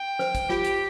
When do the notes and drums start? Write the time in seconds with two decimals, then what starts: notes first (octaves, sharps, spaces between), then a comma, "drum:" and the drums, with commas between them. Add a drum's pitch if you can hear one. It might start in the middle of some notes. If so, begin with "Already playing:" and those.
Already playing: G5
0.19 C5, drum: snare
0.35 drum: kick, hi-hat
0.49 F4 G4, drum: snare
0.64 drum: hi-hat